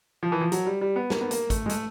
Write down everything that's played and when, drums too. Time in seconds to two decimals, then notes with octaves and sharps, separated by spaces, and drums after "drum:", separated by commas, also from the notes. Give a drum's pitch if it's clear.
0.23 F3
0.32 E3
0.41 F3
0.52 F#3, drum: hi-hat
0.66 G3
0.81 G3
0.96 B3
1.10 A#3, drum: snare
1.21 B3
1.31 A#3, drum: hi-hat
1.50 A3, drum: kick, hi-hat
1.66 G#3
1.69 A3, drum: hi-hat